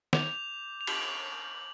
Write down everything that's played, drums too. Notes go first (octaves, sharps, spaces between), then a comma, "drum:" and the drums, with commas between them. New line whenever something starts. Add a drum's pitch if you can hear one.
D6 G6 F7, drum: snare
F7
F#7, drum: cymbal